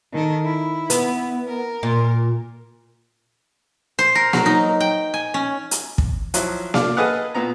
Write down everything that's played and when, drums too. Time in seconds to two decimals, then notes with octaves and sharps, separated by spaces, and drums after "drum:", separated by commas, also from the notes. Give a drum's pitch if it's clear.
0.13 D#3 A4 A#4
0.45 E4
0.90 B3, drum: hi-hat
1.47 A#4
1.83 A#2
3.99 C5
4.15 A#4
4.33 F#3, drum: snare A#3
4.46 D#4
4.81 G5
5.14 G#5
5.34 C#4
5.71 drum: hi-hat
5.98 drum: kick
6.34 F3 F#3 E4, drum: hi-hat
6.74 D5 F5, drum: snare A#3
6.97 G#4 A4 B4 D#5 F5 F#5
7.35 A#2 B3 A#5